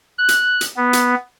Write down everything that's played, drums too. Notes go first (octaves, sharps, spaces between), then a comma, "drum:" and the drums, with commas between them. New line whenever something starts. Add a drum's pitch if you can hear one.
F#6
drum: hi-hat
drum: hi-hat
B3
drum: hi-hat